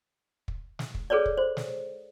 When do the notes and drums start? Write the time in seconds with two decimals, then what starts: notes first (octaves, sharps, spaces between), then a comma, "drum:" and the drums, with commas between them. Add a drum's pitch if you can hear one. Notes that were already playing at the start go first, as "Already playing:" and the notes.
0.48 drum: kick
0.79 drum: snare
0.95 drum: kick
1.10 G#4 A4 B4 C#5 D5
1.26 drum: kick
1.37 C5
1.57 drum: snare